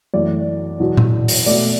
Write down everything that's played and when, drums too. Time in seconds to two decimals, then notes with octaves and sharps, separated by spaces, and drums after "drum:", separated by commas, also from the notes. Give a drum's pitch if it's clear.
0.14 F#2 E3 A3 D5
0.80 E2 B2 F#3
0.97 drum: tom A#2
1.28 drum: open hi-hat
1.46 B2 A3 D5